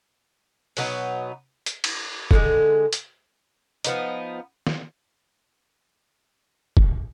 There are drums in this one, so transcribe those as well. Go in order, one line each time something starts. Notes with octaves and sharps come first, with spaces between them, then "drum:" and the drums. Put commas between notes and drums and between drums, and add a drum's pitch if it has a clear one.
B2 F#3 B3 D#4, drum: open hi-hat
drum: hi-hat
drum: cymbal
D3 F3 G#3, drum: kick
drum: hi-hat
F3 B3 D#4, drum: hi-hat
drum: snare
drum: kick